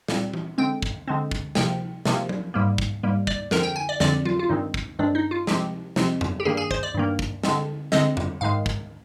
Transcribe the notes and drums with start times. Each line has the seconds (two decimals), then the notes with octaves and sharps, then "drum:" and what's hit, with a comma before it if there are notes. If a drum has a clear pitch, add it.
0.08 A#2 G3 C4, drum: snare
0.34 drum: tom E3
0.58 D3 G#3 C4 G5
0.82 drum: kick
1.08 D3 G#3 C4
1.31 drum: kick
1.55 C3 F3 A#3 G5, drum: snare
2.05 C3 F3 A#3, drum: snare
2.29 drum: tom F#3
2.54 G#2 G3 A#3
2.78 drum: kick
3.03 G#2 G3 A#3
3.27 D5, drum: kick
3.51 F2 D3 F3 C4 A#4, drum: snare
3.63 G5
3.76 G#5
3.89 D5
4.00 F2 D3 F3 C4 D5, drum: snare
4.25 F4, drum: tom F#3
4.39 F4
4.49 G2 D#3 G#3 C4 D#4
4.74 drum: kick
4.99 G2 D#3 G#3 C4 D4
5.15 D#4
5.31 F4
5.47 C3 F3 G#3 C4 G4, drum: snare
5.96 C3 F3 G#3 C4, drum: snare
6.21 drum: tom F2
6.40 G4
6.45 G2 D#3 A#3 G#4
6.57 G#4
6.71 C5, drum: kick
6.83 D5
6.94 G2 D#3 A#3
7.19 drum: kick
7.44 D3 G#3 C4, drum: snare
7.92 D3 G#3 C4 D#5, drum: snare
8.17 drum: tom F2
8.41 G#2 D#3 G#3 F5
8.66 drum: kick